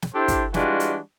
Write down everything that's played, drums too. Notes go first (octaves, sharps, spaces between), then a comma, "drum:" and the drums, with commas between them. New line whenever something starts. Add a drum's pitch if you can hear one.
drum: snare
D4 E4 G4 A4 C5
drum: kick, hi-hat
E3 G3 G#3 D4 F4 F#4, drum: snare
drum: hi-hat